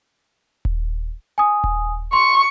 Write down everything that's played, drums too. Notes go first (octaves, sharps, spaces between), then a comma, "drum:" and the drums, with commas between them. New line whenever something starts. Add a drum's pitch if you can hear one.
drum: kick D#1
G#5 D#6
drum: kick D#1
C6 C#6